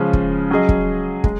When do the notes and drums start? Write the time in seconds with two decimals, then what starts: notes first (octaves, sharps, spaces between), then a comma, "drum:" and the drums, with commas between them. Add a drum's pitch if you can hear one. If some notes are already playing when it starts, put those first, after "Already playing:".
Already playing: C#3 F3 G#3 C#4
0.13 drum: kick
0.50 F#3 C#4 G#4 D#5
0.69 drum: kick
1.24 G#3, drum: kick